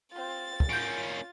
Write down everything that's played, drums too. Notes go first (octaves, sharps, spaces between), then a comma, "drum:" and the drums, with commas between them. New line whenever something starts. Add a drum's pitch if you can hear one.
C4 F4 A6
drum: kick
A#3 C#4 F4 G6 D7